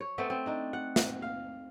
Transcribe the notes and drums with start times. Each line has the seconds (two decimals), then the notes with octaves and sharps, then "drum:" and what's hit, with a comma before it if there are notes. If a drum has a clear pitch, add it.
0.01 C#5
0.18 A3 B3 C4
0.30 C4
0.46 D4 D#4
0.73 F#5
0.96 drum: snare
1.22 F5